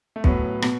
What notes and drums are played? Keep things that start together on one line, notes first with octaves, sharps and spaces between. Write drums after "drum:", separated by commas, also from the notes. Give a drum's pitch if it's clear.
A3
A2 F#3 B3, drum: kick
B2, drum: rim click